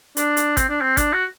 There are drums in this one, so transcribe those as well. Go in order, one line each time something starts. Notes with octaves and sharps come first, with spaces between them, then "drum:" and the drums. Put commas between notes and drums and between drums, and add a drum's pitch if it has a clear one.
D4, drum: hi-hat
drum: hi-hat
C4, drum: kick G#1, hi-hat
D4
C4
D4, drum: kick G#1, hi-hat
F#4